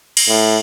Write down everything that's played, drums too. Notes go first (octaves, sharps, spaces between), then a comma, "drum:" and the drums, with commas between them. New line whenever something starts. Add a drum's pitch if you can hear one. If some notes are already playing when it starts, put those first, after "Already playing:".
drum: cymbal
A2